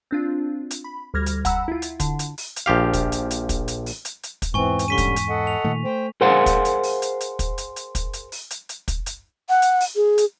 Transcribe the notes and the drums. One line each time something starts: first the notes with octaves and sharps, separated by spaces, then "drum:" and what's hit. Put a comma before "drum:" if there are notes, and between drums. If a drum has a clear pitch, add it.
C4 D4 F4
drum: hi-hat
B5
D2 G3 F6 G#6 A#6
drum: hi-hat
F#5 A#5 B5 E6, drum: kick, hi-hat
E4 F4
drum: hi-hat
D3, drum: kick, hi-hat
drum: hi-hat
drum: open hi-hat
drum: hi-hat
A#1 F3 G4 F5
drum: kick, hi-hat
drum: hi-hat
drum: hi-hat
drum: kick, hi-hat
drum: hi-hat
drum: open hi-hat
drum: hi-hat
drum: hi-hat
drum: kick, hi-hat
E2 G#2 E3 C4 G#5 C#6
drum: hi-hat
D3 G3 C#4 C#6 B6 D#7
drum: kick, hi-hat
drum: hi-hat
A4 D#5 F#5
F7
A#2 D#3 A3
A3 C5 G5
G#4 A#4 C5 F5 F#5
drum: kick, hi-hat
drum: hi-hat
drum: open hi-hat
drum: hi-hat
drum: hi-hat
drum: kick, hi-hat
drum: hi-hat
drum: hi-hat
drum: kick, hi-hat
drum: hi-hat
drum: open hi-hat
drum: hi-hat
drum: hi-hat
drum: kick, hi-hat
drum: hi-hat
F#5
drum: hi-hat
drum: open hi-hat
G#4
drum: hi-hat